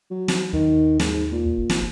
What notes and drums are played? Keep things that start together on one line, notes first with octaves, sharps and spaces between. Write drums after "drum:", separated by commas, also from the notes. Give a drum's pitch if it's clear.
F#3
drum: snare
D#2 D#3
G#2, drum: snare
A#2
F#1
drum: snare